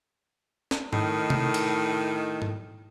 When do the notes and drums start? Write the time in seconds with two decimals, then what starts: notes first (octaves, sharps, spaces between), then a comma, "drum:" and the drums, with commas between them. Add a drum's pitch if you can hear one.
0.71 drum: snare
0.93 A2 D#3, drum: tom G#2
1.30 drum: tom C3
1.54 drum: cymbal
2.42 drum: tom G#2